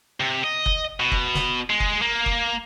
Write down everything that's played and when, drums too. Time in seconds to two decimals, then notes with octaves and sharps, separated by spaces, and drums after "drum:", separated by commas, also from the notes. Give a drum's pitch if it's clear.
0.20 C3
0.44 D#5
0.66 drum: kick F#1
1.00 B2
1.12 drum: kick F#1
1.34 drum: snare
1.70 G#3
1.80 drum: kick F#1
2.02 A#3
2.26 drum: kick F#1